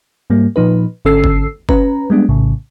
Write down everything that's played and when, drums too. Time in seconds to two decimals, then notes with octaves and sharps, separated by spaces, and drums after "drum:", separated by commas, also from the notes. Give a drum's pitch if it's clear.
0.30 G#2 G3 A#3
0.56 A#2 F3 D#4 B4
1.05 G#1 D3 C#4 A4 E6 C7
1.24 drum: kick
1.69 C#4 B4 A#5, drum: kick
2.10 G3 G#3 B3 D4
2.29 A#1 A2 C#3